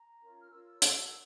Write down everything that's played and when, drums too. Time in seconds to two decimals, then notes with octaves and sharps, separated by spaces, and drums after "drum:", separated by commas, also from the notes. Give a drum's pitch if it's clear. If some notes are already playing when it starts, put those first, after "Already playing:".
Already playing: A#5
0.20 C#4 F4 A#4
0.41 F6
0.51 F4 A#4 C#5 E6
0.82 D4 F#4 A#4, drum: hi-hat